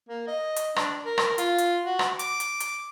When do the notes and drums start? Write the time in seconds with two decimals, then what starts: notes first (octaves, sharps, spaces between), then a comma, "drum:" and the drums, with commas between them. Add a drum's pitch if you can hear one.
0.09 A#3
0.27 D#5
0.56 drum: hi-hat
0.76 D4, drum: rim click
1.05 A#4
1.18 drum: rim click
1.38 F4, drum: hi-hat
1.58 drum: hi-hat
1.85 F#4
1.99 drum: rim click
2.19 D6, drum: hi-hat
2.40 drum: hi-hat
2.60 drum: hi-hat